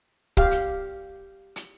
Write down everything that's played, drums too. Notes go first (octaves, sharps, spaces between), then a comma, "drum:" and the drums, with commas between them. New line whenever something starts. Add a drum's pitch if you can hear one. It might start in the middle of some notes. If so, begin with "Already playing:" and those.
G4 F5, drum: kick
drum: hi-hat
drum: hi-hat